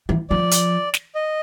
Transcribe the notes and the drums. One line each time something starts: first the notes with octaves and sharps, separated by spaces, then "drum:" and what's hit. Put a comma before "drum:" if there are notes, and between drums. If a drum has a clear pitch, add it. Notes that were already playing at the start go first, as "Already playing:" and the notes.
E3
F3 D5
drum: hi-hat
drum: snare
D#5